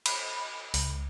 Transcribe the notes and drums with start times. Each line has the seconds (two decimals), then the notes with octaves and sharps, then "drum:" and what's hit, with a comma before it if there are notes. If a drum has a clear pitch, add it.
0.06 B5, drum: cymbal
0.74 C#2, drum: open hi-hat